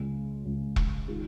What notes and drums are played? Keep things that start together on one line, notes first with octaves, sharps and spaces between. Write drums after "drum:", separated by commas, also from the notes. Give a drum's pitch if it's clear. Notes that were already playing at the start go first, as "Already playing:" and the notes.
Already playing: C#2 C#3 G#3
C#2 C#3 G#3
drum: kick E1
D#3 G#3 F4 G#4